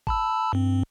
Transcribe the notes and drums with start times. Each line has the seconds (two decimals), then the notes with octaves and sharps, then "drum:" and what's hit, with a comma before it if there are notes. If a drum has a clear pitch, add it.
0.07 A5 B5 E6, drum: kick G#1
0.53 G2 C4